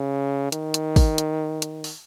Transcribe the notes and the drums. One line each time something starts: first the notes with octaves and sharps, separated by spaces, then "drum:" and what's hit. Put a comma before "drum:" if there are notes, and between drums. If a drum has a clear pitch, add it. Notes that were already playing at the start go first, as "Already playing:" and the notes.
Already playing: C#3
D#3, drum: hi-hat
drum: hi-hat
drum: kick, open hi-hat
drum: hi-hat
drum: hi-hat
drum: open hi-hat